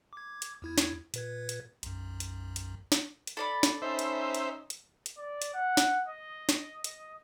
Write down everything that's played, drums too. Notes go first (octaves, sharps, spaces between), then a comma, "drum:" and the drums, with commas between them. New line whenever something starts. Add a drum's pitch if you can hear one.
D6 G#6
drum: hi-hat
E2 E4 G#6
drum: snare
A#2 B4 G#6, drum: hi-hat
drum: hi-hat
B1 F#2, drum: hi-hat
drum: hi-hat
drum: hi-hat
drum: snare
drum: hi-hat
A4 D5 B5
drum: snare
C#4 D#4 C5 E5
drum: hi-hat
drum: hi-hat
drum: hi-hat
drum: hi-hat
D5
drum: hi-hat
F#5
drum: snare
D#5
drum: snare
D#5, drum: hi-hat